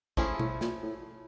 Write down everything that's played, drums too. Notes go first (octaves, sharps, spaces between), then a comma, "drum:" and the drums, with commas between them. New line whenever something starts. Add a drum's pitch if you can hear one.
A2 F3 A3 C#4 E4 G#4, drum: kick, tambourine
A2, drum: tom B2
A#2, drum: snare
A2